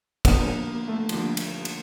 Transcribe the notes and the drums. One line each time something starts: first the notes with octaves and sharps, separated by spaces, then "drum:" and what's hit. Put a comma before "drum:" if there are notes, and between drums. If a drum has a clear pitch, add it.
D#2 D3 F3 B3, drum: kick, cymbal
A#3
A#3
A3
D#2 D3 F3, drum: cymbal
drum: cymbal
drum: cymbal